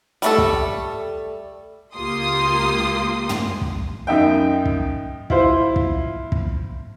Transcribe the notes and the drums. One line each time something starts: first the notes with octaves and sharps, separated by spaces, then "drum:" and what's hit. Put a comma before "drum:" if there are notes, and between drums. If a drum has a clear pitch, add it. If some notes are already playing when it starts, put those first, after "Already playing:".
G3 A3 A4, drum: hi-hat
drum: kick
C#2 A#3 F4 G4 C6 D#6
drum: tom
drum: kick
F#2 D#4 E5 G5
drum: kick
E4 F4 C5, drum: kick
drum: kick
drum: kick